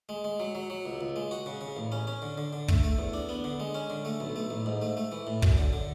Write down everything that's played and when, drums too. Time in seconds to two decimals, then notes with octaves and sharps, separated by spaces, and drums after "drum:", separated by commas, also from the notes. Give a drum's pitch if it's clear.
0.09 G#3
0.24 G#3
0.40 F#3
0.55 F#3
0.70 F#3
0.85 C#2
1.01 C#2
1.16 G#3
1.31 F#4
1.46 C#3
1.61 C#3
1.77 A1
1.92 C#4
2.07 C#4
2.22 D3
2.38 D3
2.53 D3
2.68 A3, drum: kick
2.83 A3
2.98 E2
3.13 D4
3.29 B3
3.44 D3
3.60 G#3
3.75 C#4
3.90 D3
4.05 A3
4.20 B1
4.36 A3
4.50 A1
4.66 G#2
4.82 A3
4.97 A3
5.12 E3
5.27 A2
5.42 F#2, drum: kick
5.58 D3
5.73 D3